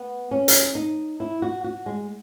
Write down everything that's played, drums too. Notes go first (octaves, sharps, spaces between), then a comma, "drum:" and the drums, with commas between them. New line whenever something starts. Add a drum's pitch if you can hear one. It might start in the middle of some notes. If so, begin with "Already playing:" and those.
Already playing: B3
C#4
drum: hi-hat
D#4
E4
F#4
F#4
G#3